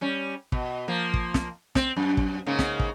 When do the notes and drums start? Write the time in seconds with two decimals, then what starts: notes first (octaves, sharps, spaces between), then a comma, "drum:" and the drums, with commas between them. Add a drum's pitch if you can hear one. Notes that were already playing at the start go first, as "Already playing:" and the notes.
0.01 G3 C#4
0.52 B2, drum: kick
0.88 F3 A#3
1.14 drum: kick
1.34 drum: snare
1.75 C4, drum: snare
1.97 F#2
2.17 drum: kick
2.46 G#2 C#3 A#3
2.59 drum: snare
2.79 drum: kick